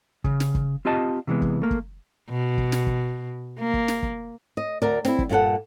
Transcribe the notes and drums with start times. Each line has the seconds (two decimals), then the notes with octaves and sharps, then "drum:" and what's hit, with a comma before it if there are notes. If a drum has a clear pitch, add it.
0.24 C#3, drum: kick
0.40 drum: snare
0.55 drum: kick
0.85 C4 F4 G4 D#5 A5
1.27 C3 E3 G#3 B3
1.42 drum: kick
1.62 A3 A#3
1.71 drum: kick
2.30 B2
2.58 drum: kick
2.72 drum: snare
2.87 drum: kick
3.59 A#3
3.74 drum: kick
3.88 drum: snare
4.03 drum: kick
4.57 D#5
4.82 D2 A#4 D5
5.05 C4 E4, drum: snare
5.19 drum: kick
5.29 G2 A#2 F4 A4 F#5